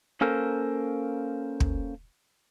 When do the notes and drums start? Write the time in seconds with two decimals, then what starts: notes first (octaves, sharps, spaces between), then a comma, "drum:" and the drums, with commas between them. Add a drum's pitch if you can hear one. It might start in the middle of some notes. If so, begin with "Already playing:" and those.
0.21 A#3 C#4 A4 A#4 C5
1.60 drum: kick